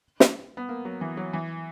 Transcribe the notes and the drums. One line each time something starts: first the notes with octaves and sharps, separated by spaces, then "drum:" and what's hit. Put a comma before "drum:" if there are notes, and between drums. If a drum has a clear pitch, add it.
drum: snare
B3
A#3
F#3
E3
F#3
E3